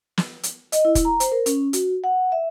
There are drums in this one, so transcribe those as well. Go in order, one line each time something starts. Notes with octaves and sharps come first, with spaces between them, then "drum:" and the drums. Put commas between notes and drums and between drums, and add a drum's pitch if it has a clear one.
drum: snare
drum: hi-hat
D#5, drum: hi-hat
E4
drum: kick, hi-hat
A#5
C5, drum: hi-hat
A#4
C#4, drum: hi-hat
F#4, drum: hi-hat
F#5
E5